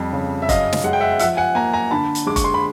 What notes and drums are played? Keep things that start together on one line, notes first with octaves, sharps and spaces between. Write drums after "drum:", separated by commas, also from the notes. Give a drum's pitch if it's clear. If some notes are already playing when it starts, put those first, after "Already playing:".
Already playing: F2 G3
C#3
E5
F#2 D#5 F5, drum: kick F1, hi-hat
drum: snare
G#3 F#5
G5
E5 F#5
F3 E5 F#5, drum: hi-hat
F#5 G#5
A#3 G#5 A#5
G#5 A#5
D3 A5 B5
drum: hi-hat
G#3 D6
C#6, drum: kick F1, hi-hat
C6
B5